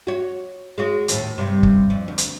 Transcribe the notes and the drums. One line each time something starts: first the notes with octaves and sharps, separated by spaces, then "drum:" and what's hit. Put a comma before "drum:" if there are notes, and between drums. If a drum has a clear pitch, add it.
F#4 C#5
G#3 C#4 F#4
D#2 A2, drum: hi-hat
G2 C3
drum: kick
F2
D2
drum: hi-hat